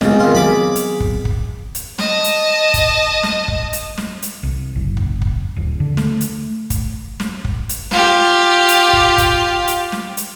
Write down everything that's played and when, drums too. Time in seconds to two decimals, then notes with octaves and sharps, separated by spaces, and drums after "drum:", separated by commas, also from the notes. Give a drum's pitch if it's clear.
0.01 C#2 C#3 B3 C4 G#4, drum: snare
0.20 D#2 F4
0.35 F#3 G#4 B5 D6
0.76 drum: hi-hat
1.00 drum: kick
1.25 drum: kick
1.75 drum: hi-hat
1.99 D#5 A5, drum: snare
2.24 drum: hi-hat
2.74 drum: kick, hi-hat
3.23 drum: snare
3.48 drum: kick
3.73 drum: hi-hat
3.98 drum: snare
4.22 drum: hi-hat
4.43 C2
4.76 F#1
4.97 drum: kick
5.22 drum: kick
5.56 D1
5.80 D3
5.97 A3, drum: snare
6.21 drum: hi-hat
6.70 drum: kick, hi-hat
7.20 drum: snare
7.45 drum: kick
7.69 drum: hi-hat
7.91 F4 G4, drum: snare
8.68 drum: hi-hat
8.93 drum: kick
9.18 drum: kick, hi-hat
9.68 drum: hi-hat
9.92 drum: snare
10.17 drum: hi-hat